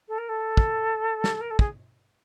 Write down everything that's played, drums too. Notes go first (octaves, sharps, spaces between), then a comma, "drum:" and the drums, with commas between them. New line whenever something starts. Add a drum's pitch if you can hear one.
A4
A#4
A4
drum: kick
drum: snare
A#4
A4
G#4, drum: kick